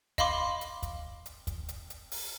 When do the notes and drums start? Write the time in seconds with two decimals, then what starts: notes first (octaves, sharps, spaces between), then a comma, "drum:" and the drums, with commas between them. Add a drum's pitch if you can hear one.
0.18 D#5 F5 B5 C6 D6, drum: kick, hi-hat
0.61 drum: hi-hat
0.83 drum: kick, hi-hat
1.26 drum: hi-hat
1.47 drum: kick, hi-hat
1.69 drum: hi-hat
1.90 drum: hi-hat
2.12 drum: open hi-hat